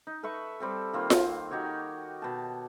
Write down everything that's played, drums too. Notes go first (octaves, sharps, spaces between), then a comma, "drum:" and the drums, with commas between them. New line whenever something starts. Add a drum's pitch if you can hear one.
D#4
A4 B4 E5 C#6
G3 C4 A4
D#3 A#3 C4 F4
drum: snare F4
D#4 F#4 G4 C#5
B2 A5